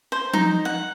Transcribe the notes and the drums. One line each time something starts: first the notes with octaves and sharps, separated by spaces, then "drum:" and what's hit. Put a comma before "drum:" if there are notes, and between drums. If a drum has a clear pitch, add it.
C5
D#4, drum: tom F3
F#5